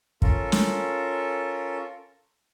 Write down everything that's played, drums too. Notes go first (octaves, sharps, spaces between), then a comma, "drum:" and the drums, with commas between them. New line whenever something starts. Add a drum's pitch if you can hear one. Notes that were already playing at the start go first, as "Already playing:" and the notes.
C#4 F4 A4 A#4, drum: kick
drum: snare